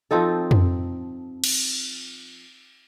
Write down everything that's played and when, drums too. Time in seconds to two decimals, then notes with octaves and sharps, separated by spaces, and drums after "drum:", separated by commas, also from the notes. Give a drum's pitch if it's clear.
0.11 F3 C4 D#4 A4
0.51 drum: tom F2
1.44 drum: cymbal